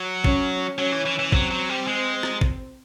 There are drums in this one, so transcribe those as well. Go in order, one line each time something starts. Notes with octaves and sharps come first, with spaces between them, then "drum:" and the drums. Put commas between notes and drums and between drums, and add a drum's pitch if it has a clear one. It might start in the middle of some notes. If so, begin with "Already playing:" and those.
Already playing: F#3
C#4, drum: kick
F#3 C#4
E3
E3
E3
F#3 C4, drum: kick
F#3
G3
G#3
drum: rim click
drum: kick